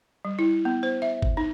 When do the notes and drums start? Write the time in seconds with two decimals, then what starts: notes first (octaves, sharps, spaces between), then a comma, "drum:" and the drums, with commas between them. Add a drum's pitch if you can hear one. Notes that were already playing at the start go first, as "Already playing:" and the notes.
0.25 G3
0.39 E4
0.65 B3
0.83 C5
1.02 E5
1.22 drum: kick G1
1.37 D#4